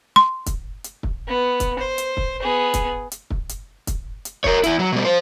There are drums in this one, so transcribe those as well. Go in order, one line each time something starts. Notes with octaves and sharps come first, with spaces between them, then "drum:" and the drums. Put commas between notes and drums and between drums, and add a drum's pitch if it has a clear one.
C6
drum: kick, hi-hat
drum: hi-hat
drum: kick
B3
drum: kick, hi-hat
C5
drum: hi-hat
drum: kick
B3 G#4
drum: kick, hi-hat
drum: hi-hat
drum: kick
drum: hi-hat
drum: kick, hi-hat
drum: hi-hat
A#4 C#5, drum: kick
E2 E4, drum: hi-hat
F#3
B2 G3
F4 C5